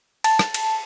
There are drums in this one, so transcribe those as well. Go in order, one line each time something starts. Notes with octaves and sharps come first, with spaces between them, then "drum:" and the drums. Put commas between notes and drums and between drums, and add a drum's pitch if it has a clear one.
A5, drum: cymbal
drum: rim click
drum: cymbal